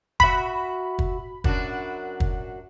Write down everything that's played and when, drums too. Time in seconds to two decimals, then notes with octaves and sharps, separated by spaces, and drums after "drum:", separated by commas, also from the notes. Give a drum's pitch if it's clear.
0.20 F#4 E5 B5, drum: kick
0.99 drum: kick
1.44 F#2 D4 F#4, drum: kick
2.20 drum: kick